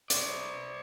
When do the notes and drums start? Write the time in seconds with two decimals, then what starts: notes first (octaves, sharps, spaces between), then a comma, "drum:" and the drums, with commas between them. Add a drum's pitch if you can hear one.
0.10 C5 D5, drum: hi-hat